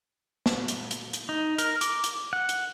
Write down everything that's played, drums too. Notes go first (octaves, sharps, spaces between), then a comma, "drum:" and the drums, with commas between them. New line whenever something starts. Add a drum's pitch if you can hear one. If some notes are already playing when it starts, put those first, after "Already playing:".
drum: snare
drum: hi-hat
drum: hi-hat
drum: hi-hat
D#4
A#4, drum: hi-hat
D6, drum: hi-hat
drum: hi-hat
F#5
drum: hi-hat